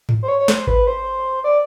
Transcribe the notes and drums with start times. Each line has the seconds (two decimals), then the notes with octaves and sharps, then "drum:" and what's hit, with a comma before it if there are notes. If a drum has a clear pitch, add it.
0.09 drum: tom G#2
0.23 C5
0.28 C#5
0.39 C#5
0.48 C5, drum: snare
0.67 B4, drum: kick G#1
0.87 C5
1.44 D5